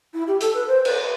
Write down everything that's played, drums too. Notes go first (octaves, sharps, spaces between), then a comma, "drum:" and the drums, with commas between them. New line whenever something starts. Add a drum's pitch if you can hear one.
E4
G4
A4, drum: hi-hat
B4
C5
B4, drum: cymbal